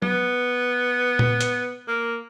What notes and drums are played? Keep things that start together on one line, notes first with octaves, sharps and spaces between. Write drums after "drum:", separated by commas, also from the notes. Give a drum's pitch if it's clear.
B3, drum: tom F#3
drum: tom A#2
drum: hi-hat
A#3